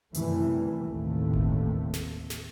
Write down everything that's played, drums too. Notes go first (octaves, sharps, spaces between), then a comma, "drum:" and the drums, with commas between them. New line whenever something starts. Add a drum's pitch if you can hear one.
F#2 C3 E3 G3 A3, drum: hi-hat
A1 D#2 C3 A3
drum: kick G1
drum: snare
drum: snare